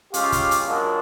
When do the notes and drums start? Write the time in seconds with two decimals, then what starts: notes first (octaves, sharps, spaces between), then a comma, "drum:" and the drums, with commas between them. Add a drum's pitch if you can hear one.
0.14 C#3 G#3 C#4 F4 G4, drum: hi-hat
0.32 drum: kick, hi-hat
0.51 drum: hi-hat
0.67 A#2 F#3 G#3 A#3 D4 F#4